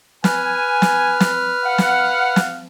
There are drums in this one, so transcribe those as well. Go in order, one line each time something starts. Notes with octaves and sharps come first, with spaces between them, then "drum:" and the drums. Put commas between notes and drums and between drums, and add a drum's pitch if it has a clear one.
B4 G#5 F6, drum: snare
drum: snare
drum: snare
F5 F#5
drum: snare
drum: snare